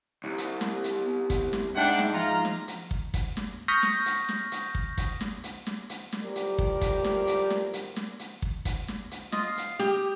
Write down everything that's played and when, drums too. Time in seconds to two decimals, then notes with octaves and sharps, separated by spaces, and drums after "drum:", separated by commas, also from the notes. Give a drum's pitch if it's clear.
0.24 C2
0.38 drum: hi-hat
0.61 drum: snare
0.84 drum: hi-hat
1.02 B3
1.30 drum: kick, hi-hat
1.53 drum: snare
1.76 G#2 D4 E5 F#5 G5
1.99 drum: snare
2.13 F3 F4 A#5
2.45 drum: snare
2.68 drum: hi-hat
2.91 drum: kick
3.14 drum: kick, hi-hat
3.37 drum: snare
3.68 C#6 D#6 F6 G6 A#6 B6
3.83 drum: snare
4.06 drum: hi-hat
4.29 drum: snare
4.52 drum: hi-hat
4.75 drum: kick
4.98 drum: kick, hi-hat
5.21 drum: snare
5.44 drum: hi-hat
5.67 drum: snare
5.90 drum: hi-hat
6.13 drum: snare
6.22 A2 F3 G3 G4 A#4 D5
6.35 drum: hi-hat
6.58 drum: kick
6.81 drum: kick, hi-hat
7.04 drum: snare
7.27 drum: hi-hat
7.50 drum: snare
7.73 drum: hi-hat
7.96 drum: snare
8.19 drum: hi-hat
8.42 drum: kick
8.65 drum: kick, hi-hat
8.88 drum: snare
9.11 drum: hi-hat
9.32 F4 D#5 D#6, drum: snare
9.46 F5
9.57 drum: hi-hat
9.79 G4 D#6, drum: snare